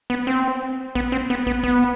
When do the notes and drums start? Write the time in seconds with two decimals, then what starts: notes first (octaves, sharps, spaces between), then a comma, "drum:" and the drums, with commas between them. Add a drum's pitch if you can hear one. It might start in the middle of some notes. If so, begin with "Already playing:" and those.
0.10 B3, drum: tom G#2
0.27 C4
0.95 B3, drum: kick
1.12 C4
1.30 B3
1.47 B3, drum: kick
1.63 B3, drum: kick